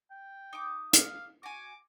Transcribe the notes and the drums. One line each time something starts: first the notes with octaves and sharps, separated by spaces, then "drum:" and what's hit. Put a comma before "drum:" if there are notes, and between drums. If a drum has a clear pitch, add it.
G5
D#4 D6
F5, drum: hi-hat
F#4 G#5 D6